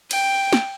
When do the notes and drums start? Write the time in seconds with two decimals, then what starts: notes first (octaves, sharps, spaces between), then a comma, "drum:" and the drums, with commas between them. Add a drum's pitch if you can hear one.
0.11 G5, drum: cymbal
0.53 drum: snare